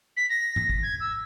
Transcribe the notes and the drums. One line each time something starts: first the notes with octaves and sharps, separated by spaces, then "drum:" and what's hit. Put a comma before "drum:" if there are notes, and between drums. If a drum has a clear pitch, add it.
B6
A#6
drum: tom G#2
drum: kick G#1
G#6
E6